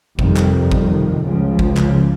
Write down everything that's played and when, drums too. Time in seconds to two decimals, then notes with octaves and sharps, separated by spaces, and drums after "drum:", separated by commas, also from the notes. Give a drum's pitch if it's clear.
0.19 F2 C3 D#3 G3, drum: kick G#1
0.36 drum: clap
0.71 drum: kick G#1
1.24 C#2 C#3 F3
1.59 drum: kick G#1
1.77 drum: clap